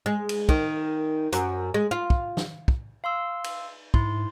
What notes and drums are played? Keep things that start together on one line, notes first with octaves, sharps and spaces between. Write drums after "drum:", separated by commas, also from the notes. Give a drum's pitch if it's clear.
G#3
drum: cymbal
D#3, drum: kick
F#2, drum: hi-hat
G#3
F4
drum: kick
drum: snare
drum: kick
F5 C6 E6
drum: cymbal
G#2 E4 C6, drum: kick